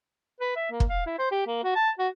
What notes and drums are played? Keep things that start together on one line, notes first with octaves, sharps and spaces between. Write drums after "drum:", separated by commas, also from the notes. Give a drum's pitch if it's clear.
B4
E5
A#3
drum: kick
F5
E4
C5
G4
A#3
F#4
A5
F#4